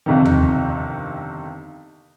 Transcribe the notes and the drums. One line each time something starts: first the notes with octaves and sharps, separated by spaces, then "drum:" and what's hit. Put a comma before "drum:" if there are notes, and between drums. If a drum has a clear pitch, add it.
G1 F2 C3 D#3
drum: tom D#2